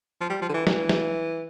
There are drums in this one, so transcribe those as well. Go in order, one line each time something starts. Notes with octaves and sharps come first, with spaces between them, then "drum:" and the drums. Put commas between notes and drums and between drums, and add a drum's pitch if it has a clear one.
F3
G3
F3
D3
E3
E3, drum: snare
drum: snare